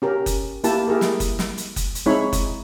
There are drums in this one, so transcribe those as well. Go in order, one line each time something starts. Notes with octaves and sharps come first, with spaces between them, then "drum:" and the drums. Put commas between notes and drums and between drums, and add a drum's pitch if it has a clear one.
C#4 G4 A#4
drum: kick F#1, hi-hat
A#3 E4 G4 A5, drum: hi-hat
E4 G4 G#4 A#4
drum: snare
drum: kick F#1, hi-hat
drum: snare
drum: hi-hat
drum: kick F#1, hi-hat
drum: hi-hat
G#3 C4 D#4 E4 C#5 B5
drum: kick F#1, hi-hat